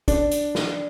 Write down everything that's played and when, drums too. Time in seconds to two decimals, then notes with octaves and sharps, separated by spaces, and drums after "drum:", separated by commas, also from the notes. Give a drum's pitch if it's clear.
0.08 D4, drum: kick, hi-hat
0.31 drum: hi-hat
0.55 drum: snare